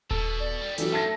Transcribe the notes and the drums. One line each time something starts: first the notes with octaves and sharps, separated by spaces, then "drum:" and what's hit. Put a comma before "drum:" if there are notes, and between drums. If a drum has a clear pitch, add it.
B2 A4, drum: kick D#1
D5
D#3 G3
E3 F#3 A4, drum: hi-hat
A3 A5 A#6